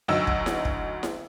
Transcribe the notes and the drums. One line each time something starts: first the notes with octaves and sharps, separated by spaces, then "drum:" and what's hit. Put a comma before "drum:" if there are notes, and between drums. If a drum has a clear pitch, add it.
D2 F#3 D#4 E6
drum: kick
drum: snare E4
drum: kick
drum: snare E4